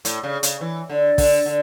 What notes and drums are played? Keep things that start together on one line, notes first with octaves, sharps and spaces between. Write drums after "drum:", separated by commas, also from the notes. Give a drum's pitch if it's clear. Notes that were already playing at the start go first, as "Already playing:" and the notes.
A2, drum: hi-hat
C#3
C#3, drum: hi-hat
E3
D3
D3, drum: kick, open hi-hat
D3